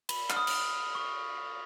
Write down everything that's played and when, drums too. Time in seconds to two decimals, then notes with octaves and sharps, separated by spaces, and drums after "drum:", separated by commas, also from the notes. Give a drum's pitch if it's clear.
0.09 B5, drum: cymbal
0.30 F6, drum: clap
0.36 D#6
0.47 drum: cymbal
0.95 C#6